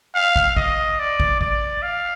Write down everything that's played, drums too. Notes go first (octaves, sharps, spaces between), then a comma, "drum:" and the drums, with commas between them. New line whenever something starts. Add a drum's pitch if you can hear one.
F5
drum: kick
D#5, drum: kick
D5
drum: kick
D5, drum: kick
F5